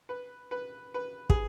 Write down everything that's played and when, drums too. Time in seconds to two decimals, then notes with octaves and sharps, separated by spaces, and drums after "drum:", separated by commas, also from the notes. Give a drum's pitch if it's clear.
0.09 B4
0.51 B4
0.94 B4
1.30 G#4, drum: kick